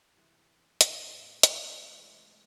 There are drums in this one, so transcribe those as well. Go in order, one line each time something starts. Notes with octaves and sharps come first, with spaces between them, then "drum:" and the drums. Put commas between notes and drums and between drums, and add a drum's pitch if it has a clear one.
C3 E3 G#3
A2 C4 A#4, drum: hi-hat
C3 G3 G#3, drum: hi-hat
A3 C4
E3 G#3 A3